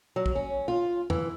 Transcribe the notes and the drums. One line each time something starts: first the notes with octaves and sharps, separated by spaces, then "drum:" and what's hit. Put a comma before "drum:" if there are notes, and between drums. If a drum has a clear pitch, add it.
F#3
drum: kick A#1
C#4
F4
E3, drum: tom E2